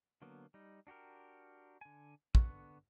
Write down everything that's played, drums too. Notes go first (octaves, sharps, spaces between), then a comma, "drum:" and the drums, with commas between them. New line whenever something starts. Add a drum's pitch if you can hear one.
D3 F#3 A#3 B3
G3 D#4
D4 F#4 G4 A#4
D3 G#5
D3 B3 C#6 F#6, drum: kick